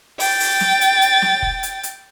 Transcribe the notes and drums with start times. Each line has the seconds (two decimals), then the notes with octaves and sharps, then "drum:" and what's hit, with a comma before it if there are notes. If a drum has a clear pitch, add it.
0.20 G5 A6, drum: open hi-hat
0.40 drum: open hi-hat
0.61 drum: snare
0.81 drum: hi-hat
1.01 drum: hi-hat
1.22 drum: snare
1.42 drum: kick
1.63 drum: hi-hat
1.83 drum: hi-hat